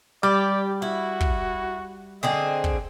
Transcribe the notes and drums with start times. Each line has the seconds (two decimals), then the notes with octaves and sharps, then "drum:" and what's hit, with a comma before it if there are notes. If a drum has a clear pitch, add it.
0.23 G3 G4 D5
0.82 E4 F#4
1.20 drum: kick
2.23 D3 C4 G#4 D#5
2.64 drum: kick